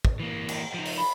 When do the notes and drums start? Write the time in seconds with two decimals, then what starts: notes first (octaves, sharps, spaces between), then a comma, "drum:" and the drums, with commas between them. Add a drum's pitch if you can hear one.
0.05 drum: kick
0.20 E3 A#3
0.49 drum: cymbal
0.74 F3 D#4
0.86 drum: open hi-hat
0.98 B5